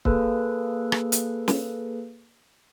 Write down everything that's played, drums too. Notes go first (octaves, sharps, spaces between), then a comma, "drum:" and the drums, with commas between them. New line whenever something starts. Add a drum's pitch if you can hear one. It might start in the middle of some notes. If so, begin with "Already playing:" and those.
A#3 G#4 A4 B4, drum: kick C#1
drum: rim click
drum: hi-hat
drum: snare